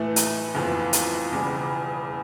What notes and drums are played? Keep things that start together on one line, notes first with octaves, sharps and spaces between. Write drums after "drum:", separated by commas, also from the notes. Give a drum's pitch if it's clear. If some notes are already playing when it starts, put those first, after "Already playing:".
Already playing: A2 E3 A3
drum: hi-hat
G1 F2 E3
drum: hi-hat
E1 E2 C#3 G3